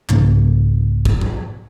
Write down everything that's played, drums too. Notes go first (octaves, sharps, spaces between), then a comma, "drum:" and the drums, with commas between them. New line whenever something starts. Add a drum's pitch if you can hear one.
C2 G#2 C#3 A#3, drum: clap
drum: kick
drum: tom G#2